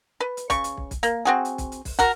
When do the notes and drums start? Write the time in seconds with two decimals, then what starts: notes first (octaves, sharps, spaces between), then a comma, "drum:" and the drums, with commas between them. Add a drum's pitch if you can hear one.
0.20 B4
0.37 drum: hi-hat
0.50 C#3 C#6, drum: kick, hi-hat
0.64 drum: hi-hat
0.77 drum: kick
0.91 drum: kick, hi-hat
1.03 A#3, drum: hi-hat
1.25 C4 F#4 G#4
1.45 drum: hi-hat
1.58 drum: kick, hi-hat
1.72 drum: hi-hat
1.85 drum: kick, open hi-hat
1.99 F#4 A#4, drum: kick, hi-hat